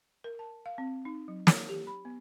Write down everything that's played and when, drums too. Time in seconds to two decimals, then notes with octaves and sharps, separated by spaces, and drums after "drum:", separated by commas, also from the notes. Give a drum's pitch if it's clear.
0.24 A#4
0.39 A5
0.66 F5
0.78 C4
1.05 D#4
1.28 F#3
1.47 C#5, drum: snare
1.69 G4
1.87 B5
2.05 B3